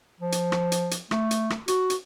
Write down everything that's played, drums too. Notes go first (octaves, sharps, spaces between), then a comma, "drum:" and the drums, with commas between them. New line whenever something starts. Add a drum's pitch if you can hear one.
F3
drum: hi-hat
drum: rim click
drum: hi-hat
drum: hi-hat
A3, drum: rim click
drum: hi-hat
drum: rim click
F#4, drum: hi-hat
drum: hi-hat